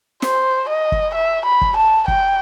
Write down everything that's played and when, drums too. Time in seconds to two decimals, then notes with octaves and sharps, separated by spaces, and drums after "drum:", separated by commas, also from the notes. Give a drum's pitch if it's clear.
0.22 C5, drum: snare
0.69 D#5
0.92 drum: kick
1.15 E5
1.45 B5
1.61 drum: kick
1.77 A5
2.08 G5, drum: kick